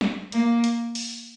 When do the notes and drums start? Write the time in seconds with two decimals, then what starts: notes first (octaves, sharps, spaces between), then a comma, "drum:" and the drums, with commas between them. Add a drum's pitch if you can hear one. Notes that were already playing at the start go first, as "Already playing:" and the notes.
0.01 drum: snare
0.32 A#3, drum: hi-hat
0.64 drum: hi-hat
0.95 drum: open hi-hat